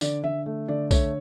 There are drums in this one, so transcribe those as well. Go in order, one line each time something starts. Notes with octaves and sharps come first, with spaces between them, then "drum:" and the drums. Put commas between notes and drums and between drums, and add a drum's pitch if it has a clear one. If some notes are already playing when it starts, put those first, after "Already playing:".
D3 D5, drum: tambourine
D3 E5
A3
D3 D5
A3 C#5, drum: kick, tambourine